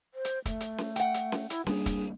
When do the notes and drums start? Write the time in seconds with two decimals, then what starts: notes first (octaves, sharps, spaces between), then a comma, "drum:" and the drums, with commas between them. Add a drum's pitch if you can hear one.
0.14 C5
0.25 drum: hi-hat
0.46 A3, drum: kick, hi-hat
0.60 drum: hi-hat
0.78 drum: snare C#4
0.96 F#5 G5, drum: hi-hat
1.14 drum: hi-hat
1.32 drum: snare C#4
1.50 E4, drum: hi-hat
1.67 G3 A#3 D4 G#4, drum: snare C#4
1.86 drum: kick, hi-hat